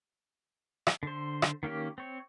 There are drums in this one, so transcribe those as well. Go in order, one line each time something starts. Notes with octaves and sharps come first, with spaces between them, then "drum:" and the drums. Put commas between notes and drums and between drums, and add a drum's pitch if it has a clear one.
drum: rim click
D3 C5
drum: rim click
D#3 A#3 C#4 G4
C4 C#5